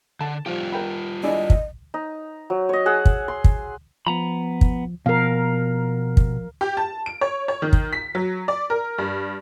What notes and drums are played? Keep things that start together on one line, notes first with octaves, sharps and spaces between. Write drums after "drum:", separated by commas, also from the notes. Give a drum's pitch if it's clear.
D3 A5
F3 G3 F4 G4
A#4 G5 B5
G#3 D4 E4 D#5
drum: kick
D#4
F#3
C#5 D#5
G#4 F#5 E6
drum: kick
C6
drum: kick
F3 B3 A#5 B5
drum: kick
B2 F3 A#4 F5
drum: kick
G4
A5
D7
C#5
C#5
D#3
drum: kick
B6
F#3
D5
A#4
G2